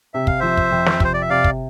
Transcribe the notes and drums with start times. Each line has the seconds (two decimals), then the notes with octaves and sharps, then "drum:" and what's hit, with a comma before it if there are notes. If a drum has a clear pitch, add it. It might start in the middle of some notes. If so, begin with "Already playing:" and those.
0.14 C3 E5
0.27 F5, drum: kick
0.40 F3 C5 E5
0.57 drum: kick
0.72 F2
0.86 drum: snare
1.00 C3 C5, drum: kick
1.14 D5
1.21 E5
1.30 C3 D5 F5
1.44 drum: kick